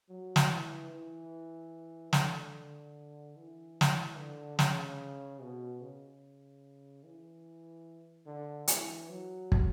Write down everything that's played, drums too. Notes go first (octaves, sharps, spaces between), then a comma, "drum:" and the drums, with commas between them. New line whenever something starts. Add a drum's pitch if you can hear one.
F#3
drum: snare
E3
E3
D3, drum: snare
E3
drum: snare
D3
C#3, drum: snare
B2
C#3
E3
D3
E3, drum: hi-hat
F#3
drum: kick